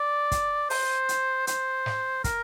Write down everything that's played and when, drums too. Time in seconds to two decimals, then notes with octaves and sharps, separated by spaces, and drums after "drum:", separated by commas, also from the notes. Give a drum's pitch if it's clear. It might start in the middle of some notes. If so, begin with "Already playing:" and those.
Already playing: D5
0.32 drum: kick, hi-hat
0.70 C5, drum: open hi-hat
1.09 drum: hi-hat
1.47 C5, drum: hi-hat
1.86 drum: snare
2.24 A#4, drum: kick, hi-hat